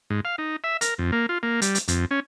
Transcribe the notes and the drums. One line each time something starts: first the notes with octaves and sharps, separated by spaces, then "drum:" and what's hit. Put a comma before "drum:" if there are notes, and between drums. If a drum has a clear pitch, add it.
G#2
F5
D#4
E5
A#4, drum: hi-hat
F2
A#3
F4
A#3
G3, drum: hi-hat
drum: hi-hat
F2, drum: hi-hat
C#4